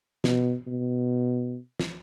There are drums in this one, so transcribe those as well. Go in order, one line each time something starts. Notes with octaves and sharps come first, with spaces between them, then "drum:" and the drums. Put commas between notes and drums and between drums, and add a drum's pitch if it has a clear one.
B2, drum: snare
B2
drum: snare